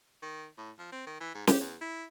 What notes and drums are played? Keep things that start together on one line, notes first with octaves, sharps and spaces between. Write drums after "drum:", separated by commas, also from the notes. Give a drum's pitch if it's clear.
D#3
A2
F3
C4
D#3
E3
G#2
G4, drum: snare
E2
E4